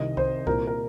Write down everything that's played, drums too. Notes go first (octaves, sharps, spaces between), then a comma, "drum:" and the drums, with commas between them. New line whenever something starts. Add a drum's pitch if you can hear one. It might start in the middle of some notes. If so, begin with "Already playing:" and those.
Already playing: C2 C3 D#3 D#5
C5, drum: kick C2
C2 A#2 A#4, drum: kick C2
A#4